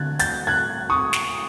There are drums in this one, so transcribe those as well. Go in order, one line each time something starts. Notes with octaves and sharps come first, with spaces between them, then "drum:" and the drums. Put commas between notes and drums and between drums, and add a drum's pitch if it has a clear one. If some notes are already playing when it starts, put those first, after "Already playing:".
Already playing: D3 F#6 G#6 A6
G6 A6, drum: hi-hat
F#6 G#6
C#6 D#6
drum: snare